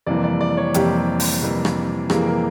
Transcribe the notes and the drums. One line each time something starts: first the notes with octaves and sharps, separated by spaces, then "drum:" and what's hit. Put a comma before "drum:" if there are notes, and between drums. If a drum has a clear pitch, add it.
F2 C3 E3 G3 A#3 D5
D5
D5
C#5
F2 C3 E3 G3 A#3 G4, drum: hi-hat
drum: open hi-hat
F2 C3 E3 G3 A#3
drum: rim click
F2 C3 E3 G3 A#3 G#4, drum: rim click
A#4